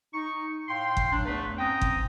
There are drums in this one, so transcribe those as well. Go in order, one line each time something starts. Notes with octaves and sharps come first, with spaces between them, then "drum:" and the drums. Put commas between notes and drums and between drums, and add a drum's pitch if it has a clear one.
D#4 C#6
A2 F5 G5 C6
drum: kick G1
F#3 D4
E2 A3 B4
G#2 C4 C#4 G5 A#5 D#6
drum: kick G1